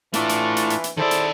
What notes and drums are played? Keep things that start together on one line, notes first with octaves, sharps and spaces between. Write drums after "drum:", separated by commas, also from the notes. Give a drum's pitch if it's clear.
E3 A3 D4 E4 F4 C#6, drum: hi-hat
drum: hi-hat
drum: hi-hat
drum: hi-hat
drum: hi-hat
D#3 E4 G#4 A4 C5 D5
drum: hi-hat